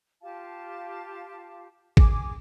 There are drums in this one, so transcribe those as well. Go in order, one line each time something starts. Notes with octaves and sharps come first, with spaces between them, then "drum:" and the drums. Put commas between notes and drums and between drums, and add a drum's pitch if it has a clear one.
F4 G4 F5 A5
G#4 D6, drum: kick